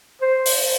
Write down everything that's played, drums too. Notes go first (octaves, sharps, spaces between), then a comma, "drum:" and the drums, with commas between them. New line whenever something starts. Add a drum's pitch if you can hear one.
C5
drum: open hi-hat